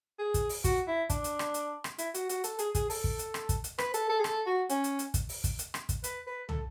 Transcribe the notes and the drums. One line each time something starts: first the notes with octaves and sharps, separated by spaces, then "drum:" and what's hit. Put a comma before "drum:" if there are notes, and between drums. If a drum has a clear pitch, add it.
G#4
drum: kick, hi-hat
drum: open hi-hat
F#4, drum: kick, hi-hat
E4
D4, drum: kick, hi-hat
drum: hi-hat
drum: rim click
drum: hi-hat
drum: rim click
E4, drum: hi-hat
F#4, drum: hi-hat
F#4, drum: hi-hat
A4, drum: hi-hat
G#4, drum: hi-hat
G#4, drum: kick, hi-hat
A4, drum: open hi-hat
drum: kick
drum: hi-hat
drum: rim click
drum: kick, hi-hat
drum: hi-hat
B4, drum: rim click
A4, drum: hi-hat
A4
G#4
A4, drum: rim click
F#4
C#4, drum: hi-hat
drum: hi-hat
drum: hi-hat
drum: kick, hi-hat
drum: open hi-hat
drum: kick, hi-hat
drum: hi-hat
drum: rim click
drum: kick, hi-hat
B4, drum: hi-hat
B4
A4, drum: tom